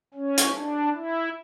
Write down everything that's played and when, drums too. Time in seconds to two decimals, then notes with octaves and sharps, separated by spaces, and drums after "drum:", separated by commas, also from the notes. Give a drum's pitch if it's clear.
0.14 C#4
0.38 drum: hi-hat
0.54 D4
0.93 E4